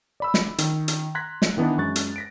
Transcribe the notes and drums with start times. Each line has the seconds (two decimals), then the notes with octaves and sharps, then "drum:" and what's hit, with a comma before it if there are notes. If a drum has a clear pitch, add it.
0.20 D5 B5 E6
0.34 drum: snare
0.58 D#3, drum: hi-hat
0.88 drum: hi-hat
1.15 A#5 C6 F#6 G#6 A#6 B6
1.42 drum: snare
1.57 D#3 E3 B3 D4 D#4
1.78 F#2 G#3 C#6 F#6 A6
1.96 drum: hi-hat
2.16 A#6 B6 D7